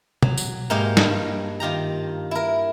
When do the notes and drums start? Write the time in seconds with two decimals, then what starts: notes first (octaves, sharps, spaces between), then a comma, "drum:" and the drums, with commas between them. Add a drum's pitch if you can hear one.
0.23 F#3, drum: tom
0.38 drum: tambourine
0.70 G#2 A#3 D#4 G4 C5 F5
0.97 G2, drum: snare
1.60 D#3 F4 G4 A#5
2.31 E4 A#4